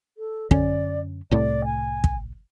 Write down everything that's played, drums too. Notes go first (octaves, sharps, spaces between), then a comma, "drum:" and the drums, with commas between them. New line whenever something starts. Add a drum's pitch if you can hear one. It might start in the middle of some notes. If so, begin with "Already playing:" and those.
A4
F#2 D3 C#4 D5, drum: kick
C2 A2 A3 D5
G#5
drum: kick